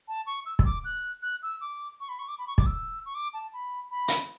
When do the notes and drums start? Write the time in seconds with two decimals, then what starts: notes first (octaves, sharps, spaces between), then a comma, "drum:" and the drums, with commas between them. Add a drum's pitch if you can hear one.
0.08 A5
0.27 C#6
0.46 E6
0.59 E6, drum: kick
0.65 D6
0.85 F#6
1.22 F#6
1.43 E6
1.61 D6
2.00 C#6
2.09 B5
2.19 C#6
2.28 D6
2.38 B5
2.47 C#6
2.58 D6, drum: kick
2.66 E6
3.06 C#6
3.15 D6
3.34 A5
3.53 B5
3.91 B5
4.08 drum: hi-hat